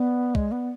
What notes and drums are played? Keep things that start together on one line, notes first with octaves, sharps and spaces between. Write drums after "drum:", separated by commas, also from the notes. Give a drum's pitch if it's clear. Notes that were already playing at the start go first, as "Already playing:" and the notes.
Already playing: B3 D5
G#3, drum: kick
B3